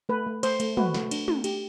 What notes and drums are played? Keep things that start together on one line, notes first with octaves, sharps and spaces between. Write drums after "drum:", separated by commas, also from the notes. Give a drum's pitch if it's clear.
A3 B4
A3
A3 C5, drum: cymbal
A3, drum: cymbal
F#4 B4, drum: tom
A3, drum: snare
D4, drum: cymbal
A3, drum: tom
G4, drum: cymbal